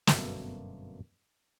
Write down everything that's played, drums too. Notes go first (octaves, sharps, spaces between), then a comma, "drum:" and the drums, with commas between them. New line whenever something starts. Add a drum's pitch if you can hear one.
G1 F#2 B2 A3 A#3, drum: snare